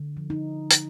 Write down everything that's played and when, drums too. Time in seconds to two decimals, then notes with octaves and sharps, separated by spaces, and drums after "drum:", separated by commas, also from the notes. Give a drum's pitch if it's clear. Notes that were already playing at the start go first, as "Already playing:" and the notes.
Already playing: D3
0.17 F3
0.30 D#4
0.71 drum: hi-hat